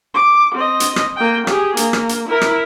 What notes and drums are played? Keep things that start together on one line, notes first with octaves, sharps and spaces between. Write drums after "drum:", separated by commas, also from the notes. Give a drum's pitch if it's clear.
D6
C4 D#5
drum: hi-hat
drum: rim click
A#3 G5
G4 G#4, drum: rim click
A#3, drum: hi-hat
drum: rim click
drum: hi-hat
E4 A#4
drum: rim click